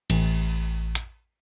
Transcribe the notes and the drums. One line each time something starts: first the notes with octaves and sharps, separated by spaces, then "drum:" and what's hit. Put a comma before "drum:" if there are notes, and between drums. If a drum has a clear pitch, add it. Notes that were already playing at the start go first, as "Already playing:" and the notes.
A1, drum: cymbal
drum: hi-hat